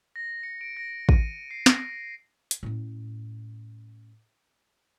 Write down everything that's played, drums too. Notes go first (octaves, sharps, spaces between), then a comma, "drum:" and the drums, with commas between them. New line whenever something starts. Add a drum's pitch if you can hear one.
A#6
C#7
D7
A#6
D#7, drum: kick
C7
A#6, drum: snare
drum: hi-hat
A2 C#4